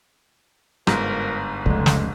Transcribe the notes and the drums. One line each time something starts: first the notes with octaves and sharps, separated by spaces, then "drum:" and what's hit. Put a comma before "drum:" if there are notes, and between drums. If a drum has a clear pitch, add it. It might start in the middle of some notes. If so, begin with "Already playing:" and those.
G1 G#2 F3 A#4, drum: rim click
F1 C#2 D3 G#3, drum: kick
drum: snare